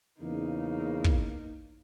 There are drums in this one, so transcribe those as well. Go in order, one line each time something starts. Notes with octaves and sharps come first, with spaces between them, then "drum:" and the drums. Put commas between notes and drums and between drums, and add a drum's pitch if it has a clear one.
E2 C#3 A#3 D#4
drum: kick